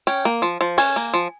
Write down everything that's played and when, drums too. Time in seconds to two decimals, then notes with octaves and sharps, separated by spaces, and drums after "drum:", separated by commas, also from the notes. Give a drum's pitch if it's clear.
0.07 C#4 G5, drum: hi-hat
0.25 A#3
0.42 F3
0.61 F3
0.78 C#4 G#5, drum: open hi-hat
0.96 A#3
1.14 F3